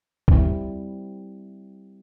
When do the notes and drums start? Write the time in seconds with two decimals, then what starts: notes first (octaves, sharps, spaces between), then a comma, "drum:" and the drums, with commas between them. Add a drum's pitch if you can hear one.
0.28 G3 C4 E4, drum: kick